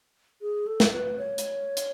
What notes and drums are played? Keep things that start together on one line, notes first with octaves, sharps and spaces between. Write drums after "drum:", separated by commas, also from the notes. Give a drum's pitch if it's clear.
G#4
A4
drum: snare
B4
C#5
drum: hi-hat
drum: hi-hat